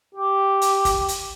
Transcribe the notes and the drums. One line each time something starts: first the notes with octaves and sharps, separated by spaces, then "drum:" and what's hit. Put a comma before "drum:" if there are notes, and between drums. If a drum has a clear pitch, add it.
G4
drum: hi-hat
drum: kick, hi-hat
drum: hi-hat